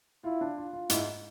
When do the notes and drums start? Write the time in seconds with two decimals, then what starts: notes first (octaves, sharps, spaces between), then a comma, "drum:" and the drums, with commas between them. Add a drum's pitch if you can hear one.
0.24 E4 F4
0.41 D4
0.57 F4
0.73 F4
0.90 G#2 E4, drum: hi-hat